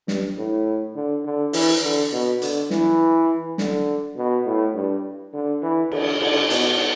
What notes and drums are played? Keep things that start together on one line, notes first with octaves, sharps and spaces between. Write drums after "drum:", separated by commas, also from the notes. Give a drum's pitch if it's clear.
G2, drum: snare
A2
D3
D3
E3, drum: open hi-hat
D3
B2
D3, drum: hi-hat
E3, drum: snare
D3, drum: snare
B2
A2
G2
D3
E3
D3, drum: cymbal
D3, drum: cymbal
B2, drum: hi-hat